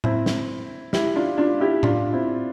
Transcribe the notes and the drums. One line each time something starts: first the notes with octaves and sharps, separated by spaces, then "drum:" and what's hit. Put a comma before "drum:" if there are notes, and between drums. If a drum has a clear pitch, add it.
C4 E4, drum: tom A2
drum: snare
E4 G4, drum: snare
D4 F4
D4 F4
E4 G4
D4 F4, drum: tom A2
C4 E4